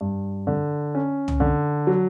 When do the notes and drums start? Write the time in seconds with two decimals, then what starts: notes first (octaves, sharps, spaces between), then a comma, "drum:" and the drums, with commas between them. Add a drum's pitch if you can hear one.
0.01 G2
0.47 D3
0.95 C#4
1.28 drum: tom
1.40 D3
1.87 F#3